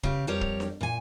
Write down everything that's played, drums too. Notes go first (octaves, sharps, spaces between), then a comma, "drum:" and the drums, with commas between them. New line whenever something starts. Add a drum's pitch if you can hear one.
C#3 G4, drum: kick
F2 G3 G4 A#4 C#5
drum: kick
drum: snare D4
A#2 G#5